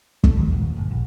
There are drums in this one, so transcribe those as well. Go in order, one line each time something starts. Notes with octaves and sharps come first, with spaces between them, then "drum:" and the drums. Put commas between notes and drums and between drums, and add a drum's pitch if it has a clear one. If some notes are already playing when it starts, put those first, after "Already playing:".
A3, drum: kick
D#2
D#1
G1
A#1